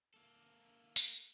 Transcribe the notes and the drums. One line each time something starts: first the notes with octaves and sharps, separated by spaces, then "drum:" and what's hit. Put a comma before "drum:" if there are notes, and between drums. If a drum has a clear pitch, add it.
A#3 A4
drum: tambourine